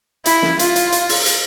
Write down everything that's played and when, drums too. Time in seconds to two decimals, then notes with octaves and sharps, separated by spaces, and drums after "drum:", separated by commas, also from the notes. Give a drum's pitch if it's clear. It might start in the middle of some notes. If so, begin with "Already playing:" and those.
0.26 E4, drum: hi-hat
0.42 drum: snare
0.59 F4, drum: hi-hat
0.76 drum: hi-hat
0.92 drum: hi-hat
1.09 drum: open hi-hat
1.26 drum: hi-hat